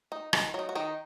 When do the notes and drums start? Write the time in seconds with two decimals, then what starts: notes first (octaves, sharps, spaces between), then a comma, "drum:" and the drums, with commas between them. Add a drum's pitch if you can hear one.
0.12 D#4
0.33 D#3, drum: rim click
0.54 F#3 D#4
0.69 F#4
0.75 D#3 D#4